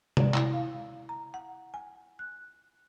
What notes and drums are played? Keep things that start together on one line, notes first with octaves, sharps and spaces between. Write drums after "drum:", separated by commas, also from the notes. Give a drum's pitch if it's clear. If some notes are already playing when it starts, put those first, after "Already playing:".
D5, drum: tom C3
E4, drum: clap
F5
A#5
F#5
G#5
F#6